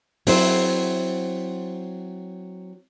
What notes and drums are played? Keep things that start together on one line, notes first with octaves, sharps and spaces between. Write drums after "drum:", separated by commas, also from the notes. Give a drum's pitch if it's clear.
F#3 C4 E4 C5, drum: open hi-hat